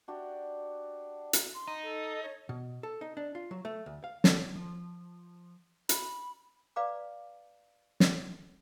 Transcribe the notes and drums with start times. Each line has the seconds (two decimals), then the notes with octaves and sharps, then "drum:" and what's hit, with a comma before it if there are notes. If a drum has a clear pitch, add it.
0.08 D4 F#4 G4 D5
1.33 drum: hi-hat
1.55 C6
1.68 D#4
1.83 A4
2.23 C#5
2.49 B2
2.83 A4
3.01 D#4
3.17 D4
3.35 F4
3.51 F#3
3.65 A3
3.86 D2
4.04 F5
4.24 A4, drum: snare
4.56 F3
5.89 B5, drum: hi-hat
6.76 B4 D5 F5 A#5 D6
8.00 drum: snare